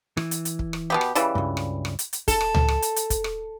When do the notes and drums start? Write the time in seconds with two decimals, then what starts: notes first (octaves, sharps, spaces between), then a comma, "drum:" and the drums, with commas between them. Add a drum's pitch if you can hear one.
0.17 E3, drum: rim click
0.31 drum: hi-hat
0.45 drum: hi-hat
0.59 drum: kick
0.73 drum: rim click
0.90 B2 B3 G4
1.01 drum: rim click
1.15 C#3 E3 G3, drum: hi-hat
1.35 C#2 G2
1.57 drum: rim click
1.85 drum: rim click
1.99 drum: hi-hat
2.13 drum: hi-hat
2.28 A4, drum: kick, hi-hat
2.41 drum: rim click
2.54 drum: tom C#2
2.68 drum: rim click
2.82 drum: hi-hat
2.96 drum: hi-hat
3.10 drum: kick, hi-hat
3.24 drum: rim click